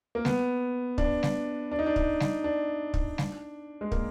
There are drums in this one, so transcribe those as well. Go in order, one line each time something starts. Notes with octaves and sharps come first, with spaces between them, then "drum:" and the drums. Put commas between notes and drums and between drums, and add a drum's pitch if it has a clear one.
A#3
B3, drum: snare G3
D4, drum: kick
drum: snare G3
D4
D#4
D4
drum: kick
drum: snare G3
D4
drum: kick
drum: snare G3
G#3
A#3, drum: kick